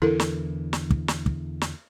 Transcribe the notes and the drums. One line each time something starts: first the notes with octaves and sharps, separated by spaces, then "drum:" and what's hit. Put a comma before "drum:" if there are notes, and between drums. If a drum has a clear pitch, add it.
E2 D3 E3 E4 A4 A#4
drum: snare
drum: snare
drum: kick
drum: snare
drum: kick
drum: snare